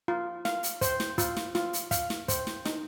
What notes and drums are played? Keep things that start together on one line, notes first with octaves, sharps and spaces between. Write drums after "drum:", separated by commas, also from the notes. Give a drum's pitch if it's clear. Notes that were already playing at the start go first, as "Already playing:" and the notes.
F4
F5, drum: snare
drum: hi-hat
C5, drum: kick, hi-hat
drum: snare
F4, drum: kick, hi-hat
drum: snare
F4, drum: snare
drum: hi-hat
F5, drum: kick, hi-hat
drum: snare
C5, drum: kick, hi-hat
drum: snare
D#4, drum: snare